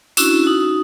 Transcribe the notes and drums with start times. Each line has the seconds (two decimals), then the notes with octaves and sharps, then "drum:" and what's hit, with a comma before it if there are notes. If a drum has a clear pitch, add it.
0.17 C#4 D4 E4 F#4, drum: tambourine
0.44 D#4 F#4